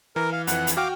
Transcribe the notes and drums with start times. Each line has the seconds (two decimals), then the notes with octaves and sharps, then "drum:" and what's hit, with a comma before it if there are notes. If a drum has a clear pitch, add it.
0.16 E3 A#4
0.32 F5
0.47 F2 E3 F#5, drum: hi-hat
0.67 drum: hi-hat
0.77 F#4 F5 G5 D6 F6